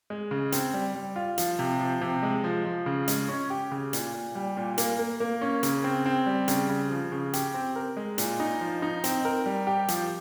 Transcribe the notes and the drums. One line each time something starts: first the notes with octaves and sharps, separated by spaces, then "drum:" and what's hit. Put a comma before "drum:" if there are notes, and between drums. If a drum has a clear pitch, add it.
G#3
C#3
C4, drum: hi-hat
G3
G3
F4
F3, drum: hi-hat
C3
F3
C3
G#3
F3
F3
C#3
G#3, drum: hi-hat
C#4
G4
C#3
A#2, drum: hi-hat
A#2
G3
A#2
A#3, drum: hi-hat
A#3
A#3
C#4
C#3, drum: hi-hat
C4
C4
G3
C#3, drum: hi-hat
C#3
F3
C#3
G4, drum: hi-hat
C4
A#4
G#3
A#2, drum: hi-hat
D#4
F3
D#4
C4, drum: hi-hat
A#4
G3
G4
F3, drum: hi-hat